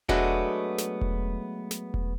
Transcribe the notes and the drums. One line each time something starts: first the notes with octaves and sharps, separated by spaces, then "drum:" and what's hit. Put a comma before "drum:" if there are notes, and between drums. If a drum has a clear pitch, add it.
F#3 G#3 A3 B3 D4 F#4, drum: kick E1
drum: snare
drum: kick E1
drum: snare
drum: kick E1